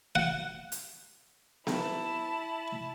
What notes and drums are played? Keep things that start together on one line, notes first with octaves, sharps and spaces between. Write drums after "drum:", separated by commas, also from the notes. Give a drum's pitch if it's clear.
F#5
drum: hi-hat
E4 A5, drum: snare B3